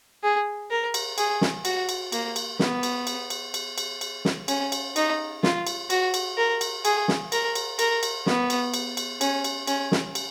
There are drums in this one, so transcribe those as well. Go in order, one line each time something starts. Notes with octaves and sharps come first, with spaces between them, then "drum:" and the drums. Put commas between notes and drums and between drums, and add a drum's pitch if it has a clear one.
G#4
A#4
drum: cymbal
G#4, drum: cymbal
drum: snare
F#4, drum: cymbal
drum: cymbal
A#3, drum: cymbal
drum: cymbal
B3, drum: snare
drum: cymbal
drum: cymbal
drum: cymbal
drum: cymbal
drum: cymbal
drum: cymbal
drum: snare
C#4, drum: cymbal
drum: cymbal
D#4, drum: cymbal
F4, drum: snare
drum: cymbal
F#4, drum: cymbal
drum: cymbal
A#4
drum: cymbal
G#4, drum: cymbal
drum: snare
A#4, drum: cymbal
drum: cymbal
A#4, drum: cymbal
drum: cymbal
B3, drum: snare
drum: cymbal
drum: cymbal
drum: cymbal
C#4, drum: cymbal
drum: cymbal
C#4, drum: cymbal
drum: snare
drum: cymbal